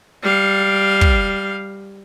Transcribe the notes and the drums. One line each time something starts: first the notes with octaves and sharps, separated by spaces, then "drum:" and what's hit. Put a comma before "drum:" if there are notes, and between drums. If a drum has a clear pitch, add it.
G3 F5
drum: kick